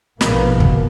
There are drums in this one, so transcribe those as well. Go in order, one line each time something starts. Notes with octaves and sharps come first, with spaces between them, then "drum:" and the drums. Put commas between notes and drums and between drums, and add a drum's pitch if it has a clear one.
A#1 G#2 B2 A#3 B3, drum: snare
drum: kick